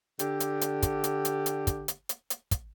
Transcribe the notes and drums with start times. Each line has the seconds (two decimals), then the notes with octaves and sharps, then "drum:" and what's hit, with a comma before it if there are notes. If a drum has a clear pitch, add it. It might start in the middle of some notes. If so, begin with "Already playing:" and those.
0.19 D3 G4, drum: hi-hat
0.40 drum: hi-hat
0.61 drum: hi-hat
0.83 drum: kick, hi-hat
1.04 drum: hi-hat
1.25 drum: hi-hat
1.46 drum: hi-hat
1.67 drum: kick, hi-hat
1.88 drum: hi-hat
2.09 drum: hi-hat
2.30 drum: hi-hat
2.51 drum: kick, hi-hat